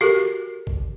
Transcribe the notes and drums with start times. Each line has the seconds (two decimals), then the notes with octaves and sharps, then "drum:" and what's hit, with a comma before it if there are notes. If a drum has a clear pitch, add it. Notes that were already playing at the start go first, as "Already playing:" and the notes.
0.01 F#4 G4 A4 A#4
0.67 drum: kick